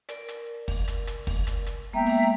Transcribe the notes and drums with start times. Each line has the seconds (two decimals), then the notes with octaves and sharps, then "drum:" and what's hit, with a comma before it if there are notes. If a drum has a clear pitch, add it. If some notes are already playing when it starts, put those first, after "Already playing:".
0.09 A#4 D5, drum: hi-hat
0.28 drum: hi-hat
0.68 drum: kick, open hi-hat
0.88 drum: hi-hat
1.07 drum: hi-hat
1.27 drum: kick, open hi-hat
1.47 drum: hi-hat
1.66 drum: hi-hat
1.93 G#3 A#3 B3 E5 G5 A#5
2.06 drum: open hi-hat